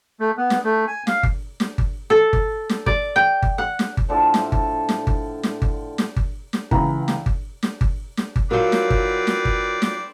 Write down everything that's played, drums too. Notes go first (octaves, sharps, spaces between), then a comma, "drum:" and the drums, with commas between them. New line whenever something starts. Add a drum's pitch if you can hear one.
A3
B3
drum: snare
A3
G#5
F5, drum: snare
drum: kick G1
drum: snare
drum: kick G1
A4
drum: kick G1
drum: snare
D5, drum: kick G1
G5
drum: kick G1
F#5
drum: snare
drum: kick G1
A2 D3 F3 A4
drum: snare
drum: kick G1
drum: snare
drum: kick G1
drum: snare
drum: kick G1
drum: snare
drum: kick G1
drum: snare
C#2 E3 A#5 B5, drum: kick G1
drum: snare
drum: kick G1
drum: snare
drum: kick G1
drum: snare
drum: kick G1
F#3 C4 D#4 F4 F#4 A#4 B4 D5
drum: snare
drum: kick G1
drum: snare
drum: kick G1
drum: snare